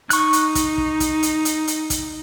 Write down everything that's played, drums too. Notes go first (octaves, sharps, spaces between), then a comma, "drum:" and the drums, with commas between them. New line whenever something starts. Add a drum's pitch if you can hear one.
D#4 C#6 F#6, drum: hi-hat
drum: hi-hat
drum: kick, hi-hat
drum: kick
drum: kick, hi-hat
drum: hi-hat
drum: hi-hat
drum: hi-hat
drum: kick, hi-hat